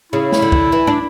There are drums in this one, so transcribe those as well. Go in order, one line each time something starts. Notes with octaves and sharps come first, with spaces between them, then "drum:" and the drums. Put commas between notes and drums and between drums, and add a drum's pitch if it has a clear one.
C#3 E4
drum: snare
D3
drum: kick
E3
D4